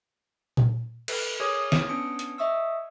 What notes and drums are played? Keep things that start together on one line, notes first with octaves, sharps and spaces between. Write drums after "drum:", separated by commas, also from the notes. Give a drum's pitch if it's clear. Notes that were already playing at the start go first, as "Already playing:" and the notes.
drum: tom A#2
A4 B4, drum: cymbal
G#4 A#4 C#5 D6 D#6 G#6
drum: snare
B3 C#4 D4 D#6 C#7 D7
drum: hi-hat
D#5 E5 C#6 D#6 E6